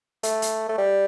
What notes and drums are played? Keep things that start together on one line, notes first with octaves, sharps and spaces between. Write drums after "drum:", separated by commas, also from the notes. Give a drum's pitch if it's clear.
A3, drum: hi-hat
drum: hi-hat
A3
G3